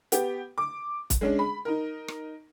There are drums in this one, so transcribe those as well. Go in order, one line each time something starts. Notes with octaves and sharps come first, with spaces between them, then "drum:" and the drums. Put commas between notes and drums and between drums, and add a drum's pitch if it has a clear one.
B3 G4, drum: hi-hat
D6
drum: kick, hi-hat
G#3 C#4 D4
B5
D#4 A#4
drum: rim click